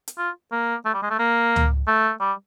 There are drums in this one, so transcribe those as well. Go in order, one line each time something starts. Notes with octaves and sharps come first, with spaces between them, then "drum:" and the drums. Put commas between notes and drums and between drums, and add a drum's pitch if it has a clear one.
drum: hi-hat
F4
A#3
A3
G3
G#3
A3
A#3
drum: tom C#2
A3
G3